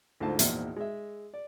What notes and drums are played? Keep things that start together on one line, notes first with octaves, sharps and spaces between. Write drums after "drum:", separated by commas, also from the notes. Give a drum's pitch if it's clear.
D2 G#2 A3 F4 C5 A5
G#1 E2 A#2 F3 E5, drum: hi-hat
G#3 E5
D5